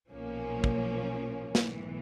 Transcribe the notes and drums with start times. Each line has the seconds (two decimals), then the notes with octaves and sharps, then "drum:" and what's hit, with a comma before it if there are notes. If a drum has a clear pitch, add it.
0.10 B1 A#2 F3 A#3 C#4
0.64 drum: kick
1.55 B1 A2 E3, drum: snare